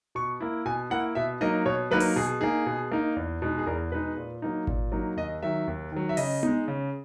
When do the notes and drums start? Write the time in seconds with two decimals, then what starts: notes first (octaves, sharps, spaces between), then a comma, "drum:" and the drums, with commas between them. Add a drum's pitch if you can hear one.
0.15 B2 C#6
0.40 A#3 E4
0.66 B2 G#5
0.90 A#3 E4 F#5
1.15 B2 E5
1.41 F#3 A#3 D#4 D#5
1.66 B2 C#5
1.91 F#3 A#3 D#4 B4
2.00 drum: open hi-hat
2.16 B2 G#4
2.41 A#3 D#4 G#4
2.66 B2
2.92 A#3 D#4
3.16 E2
3.42 B2 G#3 D#4
3.58 G#4
3.66 E2 A#4
3.92 B2 G#3 D#4 B4
4.17 A#2
4.42 F#3 A#3 D#4
4.67 A#2, drum: kick G#1
4.92 F#3 A#3 D#4
5.17 D#2 D#5
5.43 D#3 F#3 E5
5.67 D#2
5.92 D#3 F#3
6.09 E5
6.17 C#3 D#5, drum: open hi-hat
6.43 G#3 D#4, drum: tom B3
6.68 C#3